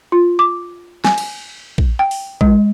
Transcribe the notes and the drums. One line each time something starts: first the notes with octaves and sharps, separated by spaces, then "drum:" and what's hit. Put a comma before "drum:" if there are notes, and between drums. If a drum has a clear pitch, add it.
F4
D6
G#5, drum: snare
drum: cymbal
drum: kick A#1
G5
drum: open hi-hat
G#3, drum: kick A#1